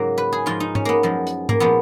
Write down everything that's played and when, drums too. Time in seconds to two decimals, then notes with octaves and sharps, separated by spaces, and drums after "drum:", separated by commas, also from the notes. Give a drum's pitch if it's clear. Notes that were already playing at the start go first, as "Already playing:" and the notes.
Already playing: G#2 C#3 F#3 A#3
0.18 B4
0.32 G#4
0.46 G#2 F3 G#3 F4
0.60 D#4
0.75 C#4, drum: tom G#2
0.85 A#3 B3
1.03 F#2 F3 G#3
1.27 drum: hi-hat
1.49 A#3, drum: tom G#2
1.60 A#2 F3 G#3 B3